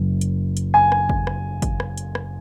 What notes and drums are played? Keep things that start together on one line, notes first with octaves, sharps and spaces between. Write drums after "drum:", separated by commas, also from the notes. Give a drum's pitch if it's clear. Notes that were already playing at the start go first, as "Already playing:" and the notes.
Already playing: F#1 F#2 C#3
drum: hi-hat
drum: hi-hat
G#5
drum: rim click
drum: kick G#1
drum: rim click
drum: kick G#1, hi-hat
drum: rim click
drum: hi-hat
drum: rim click